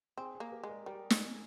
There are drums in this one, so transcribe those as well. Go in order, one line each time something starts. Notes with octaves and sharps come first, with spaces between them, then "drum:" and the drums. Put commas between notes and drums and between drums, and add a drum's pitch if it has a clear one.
C4 G#4
G#4
A#3
G4 A#4
G#3
A#4 D5
G3 A#4 D5
drum: snare